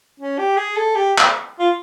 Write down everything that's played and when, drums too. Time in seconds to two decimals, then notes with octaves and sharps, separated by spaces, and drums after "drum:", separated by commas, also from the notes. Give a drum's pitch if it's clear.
0.20 C#4
0.38 G4
0.57 G#4
0.76 A4
0.95 G4
1.18 drum: clap
1.59 F4